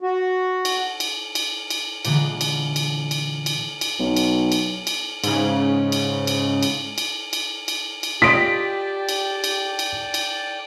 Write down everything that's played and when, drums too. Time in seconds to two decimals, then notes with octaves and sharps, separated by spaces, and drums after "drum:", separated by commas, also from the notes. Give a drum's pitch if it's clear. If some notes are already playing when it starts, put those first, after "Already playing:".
0.01 F#4
0.65 drum: cymbal
1.00 drum: cymbal
1.35 drum: cymbal
1.70 drum: cymbal
2.05 A#2 D3 E3 G#3 A#3 B3, drum: cymbal
2.41 drum: cymbal
2.76 drum: cymbal
3.11 drum: cymbal
3.46 drum: cymbal
3.81 drum: cymbal
3.99 B1
4.16 drum: cymbal
4.52 drum: cymbal
4.87 drum: cymbal
5.24 G#2 C#3, drum: cymbal
5.92 drum: cymbal
6.27 drum: cymbal
6.63 drum: cymbal
6.98 drum: cymbal
7.33 drum: cymbal
7.68 drum: cymbal
8.03 drum: cymbal
8.22 F4 G4 D5 D#5 G5 A5 B6 D7
9.09 drum: cymbal
9.44 drum: cymbal
9.79 drum: cymbal
10.14 drum: cymbal